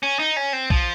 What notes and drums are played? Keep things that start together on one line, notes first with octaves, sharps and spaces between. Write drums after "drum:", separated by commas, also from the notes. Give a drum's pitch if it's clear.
C#4
D#4
C#4
C4
F3, drum: kick